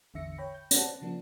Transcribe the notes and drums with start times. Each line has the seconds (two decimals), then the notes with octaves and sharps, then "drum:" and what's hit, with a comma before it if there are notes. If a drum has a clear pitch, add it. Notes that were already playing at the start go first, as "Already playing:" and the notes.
0.14 A1 E2 D3 E5 A#6 C#7
0.38 C#5 G5 B5
0.54 G6
0.71 C5 D5 F#5 A5, drum: hi-hat
1.02 C#3 F3 A#3 D4